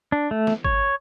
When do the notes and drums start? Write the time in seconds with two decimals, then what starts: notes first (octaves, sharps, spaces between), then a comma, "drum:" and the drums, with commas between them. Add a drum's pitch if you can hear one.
0.12 D4
0.31 A3
0.47 drum: snare
0.64 C#5, drum: kick G#1